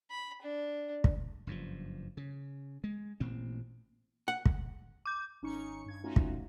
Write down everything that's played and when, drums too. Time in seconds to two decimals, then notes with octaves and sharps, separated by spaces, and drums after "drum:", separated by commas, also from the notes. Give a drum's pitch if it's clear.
0.10 B5
0.42 D4
1.04 drum: kick
1.47 F#1 G2 A#2 F3
2.17 C#3
2.84 G#3
3.20 A1 A#2 C4
4.28 F#5
4.46 drum: kick
5.06 D6 G6
5.42 G#1 C#4 D#4 C#6 C#7
5.86 G2 G#6
6.04 A3 C#4 D#4 F4 F#4
6.16 drum: kick